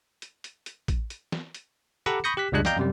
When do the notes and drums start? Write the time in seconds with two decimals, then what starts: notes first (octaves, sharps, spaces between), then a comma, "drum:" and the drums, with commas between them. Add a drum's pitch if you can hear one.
0.22 drum: hi-hat
0.44 drum: hi-hat
0.66 drum: hi-hat
0.88 drum: kick A1, hi-hat
1.10 drum: hi-hat
1.32 drum: snare
1.54 drum: hi-hat
2.06 G4 A4 F#5 A#5 B5 D6
2.24 B5 C#6 D#6 G6 A#6 C#7
2.37 G4 F#6 B6
2.52 C#2 F#2 G3 G#3 D4 F#6
2.65 D5 D#5 F5 G5 A#5 G6, drum: snare
2.77 F#2 C3 G3